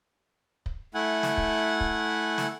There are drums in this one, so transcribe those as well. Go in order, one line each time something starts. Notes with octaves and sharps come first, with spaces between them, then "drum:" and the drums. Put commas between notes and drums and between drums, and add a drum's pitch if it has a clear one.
drum: kick
A3 E4 F#5 G#5
drum: snare
drum: kick
drum: kick
drum: snare